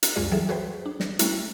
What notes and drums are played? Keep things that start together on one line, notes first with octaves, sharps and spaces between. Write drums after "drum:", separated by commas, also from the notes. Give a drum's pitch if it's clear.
drum: hi-hat
C#2 F#2 G#3 F4 G#4 D5
E3 F#3 G3 G#4 A4 E5
F#4 G#4 B4 C5 G5
D4
drum: snare
G3 A3 C#4 E4, drum: hi-hat